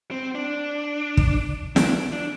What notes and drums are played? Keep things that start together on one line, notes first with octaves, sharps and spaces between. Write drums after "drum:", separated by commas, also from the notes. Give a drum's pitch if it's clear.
C4
D4
drum: kick
D4, drum: snare
D4